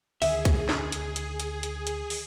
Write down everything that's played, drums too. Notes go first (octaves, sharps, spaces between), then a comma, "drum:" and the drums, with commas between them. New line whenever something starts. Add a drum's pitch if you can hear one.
D2 D3 D#3 G#4 E5, drum: open hi-hat
drum: kick, hi-hat
drum: snare
drum: hi-hat
drum: hi-hat
drum: hi-hat
drum: hi-hat
drum: hi-hat
drum: open hi-hat